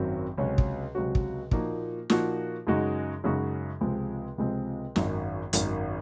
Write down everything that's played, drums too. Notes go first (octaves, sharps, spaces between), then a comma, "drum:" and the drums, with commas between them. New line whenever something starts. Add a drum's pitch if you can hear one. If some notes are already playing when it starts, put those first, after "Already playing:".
Already playing: G#1 F#2 D#3 F#3 C4
C#2 C3 F#3 C#4 F#4
drum: kick
C#2 C3 F#3 C#4 F#4
drum: kick
A#2 F3 A#3 D#4 F#4, drum: kick
A#2 F3 A#3 D#4 F#4, drum: snare
F#2 C#3 G#3 D#4 F#4
F#2 C#3 G#3 D#4 F#4
C#2 C3 F3 G#3 C4
C#2 C3 F3 G#3 C4
G#1 F#2 D#3, drum: snare
G#1 F#2 D#3, drum: hi-hat